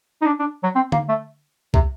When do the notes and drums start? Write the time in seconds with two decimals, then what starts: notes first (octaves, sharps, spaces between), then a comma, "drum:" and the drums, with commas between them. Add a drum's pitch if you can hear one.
0.22 D#4
0.26 D4
0.39 D4
0.63 F#3
0.75 C4
0.92 A#3, drum: tom
1.09 A3
1.74 C3, drum: kick C2